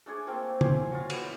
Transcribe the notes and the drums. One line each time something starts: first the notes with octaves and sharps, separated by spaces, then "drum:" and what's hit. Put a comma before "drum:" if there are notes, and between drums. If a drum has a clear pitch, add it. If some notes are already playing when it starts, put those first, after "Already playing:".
A3 D4 G#4 C#5
A3 A#3 C4 F4
C5 G#5 C#6, drum: tom
F#3 F4
B3 E4, drum: cymbal